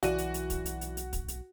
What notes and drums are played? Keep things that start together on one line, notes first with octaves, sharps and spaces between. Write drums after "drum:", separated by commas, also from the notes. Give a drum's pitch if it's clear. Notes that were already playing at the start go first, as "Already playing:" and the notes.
B1 E3 F#4 D5 D#7, drum: hi-hat
drum: hi-hat
drum: hi-hat
drum: kick, hi-hat
drum: hi-hat
drum: hi-hat
drum: hi-hat
drum: kick, hi-hat
drum: hi-hat